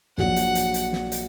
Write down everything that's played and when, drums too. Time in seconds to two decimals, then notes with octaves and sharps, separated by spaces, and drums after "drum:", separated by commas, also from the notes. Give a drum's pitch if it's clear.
0.17 A#1 A#2 F#3 F#5, drum: snare
0.36 drum: hi-hat
0.55 drum: hi-hat
0.74 drum: hi-hat
0.93 drum: snare
1.12 drum: hi-hat